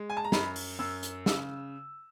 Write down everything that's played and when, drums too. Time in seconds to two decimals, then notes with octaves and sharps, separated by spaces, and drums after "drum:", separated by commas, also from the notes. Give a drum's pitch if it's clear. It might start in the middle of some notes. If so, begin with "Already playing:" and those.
Already playing: G#3
0.10 G#5
0.17 A5
0.24 A#5
0.32 F#2 B5, drum: snare
0.56 drum: open hi-hat
0.79 F#2 E6
1.03 drum: hi-hat
1.26 C#3 E6, drum: snare